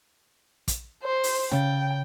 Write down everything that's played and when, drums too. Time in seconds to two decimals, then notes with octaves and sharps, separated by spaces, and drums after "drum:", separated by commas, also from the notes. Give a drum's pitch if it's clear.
0.68 drum: kick, hi-hat
1.04 C5
1.23 drum: open hi-hat
1.51 C#3 G5 A6, drum: snare